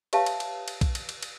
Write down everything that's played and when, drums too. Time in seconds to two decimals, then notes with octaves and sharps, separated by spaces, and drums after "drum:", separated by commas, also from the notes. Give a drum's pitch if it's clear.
0.13 G4 B4 C#5 E5 F5 A5, drum: cymbal
0.26 drum: cymbal
0.40 drum: cymbal
0.68 drum: cymbal
0.81 drum: kick B1, cymbal
0.95 drum: cymbal
1.09 drum: cymbal
1.23 drum: cymbal